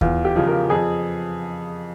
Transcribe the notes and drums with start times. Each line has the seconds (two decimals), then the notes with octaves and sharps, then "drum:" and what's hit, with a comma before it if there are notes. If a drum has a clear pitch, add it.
0.01 E2 F4, drum: kick D#2
0.25 G4
0.36 C#3 F3
0.47 A#4
0.70 F2 G#4